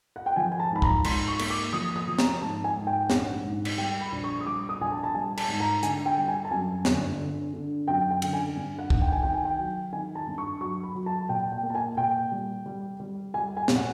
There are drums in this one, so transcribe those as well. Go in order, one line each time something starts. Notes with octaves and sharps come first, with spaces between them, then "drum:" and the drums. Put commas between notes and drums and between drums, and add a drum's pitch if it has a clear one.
F#5
G5
F3 G#5
G#5
A5
G#2 B5
A#5, drum: kick
G#2 C6, drum: cymbal
C#6
A#3, drum: cymbal
D6
F3 D#6
D#6
F3
A#5, drum: snare
G#2 A5
G#5
G#2
G5
A#1 F#5, drum: snare
G#2
drum: cymbal
G3 G5
B5
A#1
C#6
D#6
G3 D6
D#6
A#1 G#5
A5
A5
G3 G#5
A5, drum: cymbal
G#2
A#5
D3 G#5, drum: hi-hat
G5
G3
G#5
A5
F#2 G#5
G1, drum: snare
D3
D3
F#2 G5
G5
D3, drum: cymbal
G#5
G2
F#5
D#3, drum: kick
G5
G#5
D#3 G5
G#5
G5
F#3
D#3 G#5
A5
G2
C#6
F#3 C#6
B5
F#3
A5
A#2 G5
G5
A#3
A5
G#5
A#2 G5
G3
G3
G3
G3 G#5
G#5
A#2, drum: snare
F#5